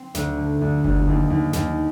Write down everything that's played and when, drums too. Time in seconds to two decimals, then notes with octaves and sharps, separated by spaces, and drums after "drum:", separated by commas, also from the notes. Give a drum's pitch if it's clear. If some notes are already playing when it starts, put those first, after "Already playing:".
Already playing: C4
0.15 D2, drum: snare
0.37 D3
0.61 D2
0.84 D2, drum: kick F#1
1.07 D#2
1.30 D#2
1.53 D#2, drum: snare